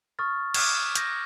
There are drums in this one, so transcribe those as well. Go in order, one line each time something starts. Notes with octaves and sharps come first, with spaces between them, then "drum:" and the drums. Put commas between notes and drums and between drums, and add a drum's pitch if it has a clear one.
C#6 D#6 F6 A6
D6 D#6 F6 F#6 G#6, drum: cymbal
G6 A#6, drum: hi-hat